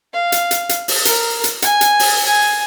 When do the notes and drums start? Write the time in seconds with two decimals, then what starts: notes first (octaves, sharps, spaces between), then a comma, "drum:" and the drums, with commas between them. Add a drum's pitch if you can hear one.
0.13 F5
0.32 drum: hi-hat
0.51 drum: hi-hat
0.69 drum: hi-hat
0.88 drum: open hi-hat
1.05 A#4, drum: hi-hat
1.44 drum: hi-hat
1.62 G#5, drum: hi-hat
1.81 drum: hi-hat
1.99 drum: open hi-hat
2.26 G#5